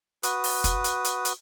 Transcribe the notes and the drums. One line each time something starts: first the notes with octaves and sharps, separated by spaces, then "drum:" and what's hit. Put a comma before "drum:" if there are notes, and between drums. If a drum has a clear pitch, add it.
F#4 B4 D#6, drum: hi-hat
drum: open hi-hat
drum: kick, hi-hat
drum: hi-hat
drum: hi-hat
drum: hi-hat